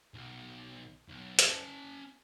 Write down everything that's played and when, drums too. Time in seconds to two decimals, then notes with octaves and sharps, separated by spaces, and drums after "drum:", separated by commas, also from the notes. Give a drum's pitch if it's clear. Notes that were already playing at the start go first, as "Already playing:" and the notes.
0.14 B1
1.10 B1
1.39 drum: hi-hat
1.49 C#4 A5